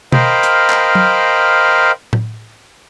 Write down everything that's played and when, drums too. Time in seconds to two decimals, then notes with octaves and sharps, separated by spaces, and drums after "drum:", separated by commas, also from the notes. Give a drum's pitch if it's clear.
0.12 A#4 C5 D#5 F5 G5 B5, drum: tom B2
0.43 drum: hi-hat
0.70 drum: clap
0.95 drum: tom
2.13 drum: tom A2